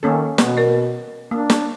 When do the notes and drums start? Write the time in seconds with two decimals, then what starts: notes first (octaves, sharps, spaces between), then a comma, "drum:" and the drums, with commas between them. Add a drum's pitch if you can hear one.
0.03 D#3 A#3 C#4 A4
0.38 B2 B3, drum: snare
0.57 A#4 D5
1.31 A#3 D4
1.50 drum: snare